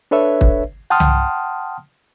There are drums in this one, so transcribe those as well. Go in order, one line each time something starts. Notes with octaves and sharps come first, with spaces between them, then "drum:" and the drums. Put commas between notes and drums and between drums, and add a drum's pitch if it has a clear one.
D4 A4 B4 C#5 E5
drum: kick
F#5 G5 A5 C6 D#6 F6
drum: tom C2